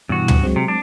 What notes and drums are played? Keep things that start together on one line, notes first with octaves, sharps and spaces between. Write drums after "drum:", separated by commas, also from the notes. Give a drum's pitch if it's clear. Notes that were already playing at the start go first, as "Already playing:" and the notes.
G2 B2 E3 F#4
drum: tom
F#3 G#3 C4
C3
D4